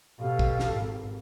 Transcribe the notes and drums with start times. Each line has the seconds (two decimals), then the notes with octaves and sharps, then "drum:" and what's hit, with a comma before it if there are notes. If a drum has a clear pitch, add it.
0.19 B2 G4 A4 F5
0.39 drum: kick
0.60 drum: snare
0.73 G#1